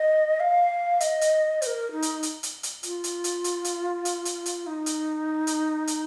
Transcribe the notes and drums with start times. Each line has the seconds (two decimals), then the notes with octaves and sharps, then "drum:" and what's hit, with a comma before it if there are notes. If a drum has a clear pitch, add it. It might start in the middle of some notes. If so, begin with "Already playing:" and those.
Already playing: D#5
0.40 F5
1.00 D#5, drum: hi-hat
1.21 drum: hi-hat
1.62 C5, drum: hi-hat
1.66 A#4
1.92 D#4
2.02 drum: hi-hat
2.23 drum: hi-hat
2.43 drum: hi-hat
2.63 drum: hi-hat
2.83 F4, drum: hi-hat
3.04 drum: hi-hat
3.24 drum: hi-hat
3.44 drum: hi-hat
3.65 drum: hi-hat
4.05 drum: hi-hat
4.25 drum: hi-hat
4.46 drum: hi-hat
4.66 D#4
4.86 drum: hi-hat
5.47 drum: hi-hat
5.87 drum: hi-hat